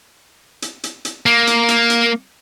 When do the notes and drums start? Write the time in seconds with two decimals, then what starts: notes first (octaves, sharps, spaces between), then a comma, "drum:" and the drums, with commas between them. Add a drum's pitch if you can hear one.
0.62 drum: hi-hat
0.84 drum: hi-hat
1.05 drum: hi-hat
1.26 A#3
1.47 drum: hi-hat
1.69 drum: hi-hat
1.90 drum: hi-hat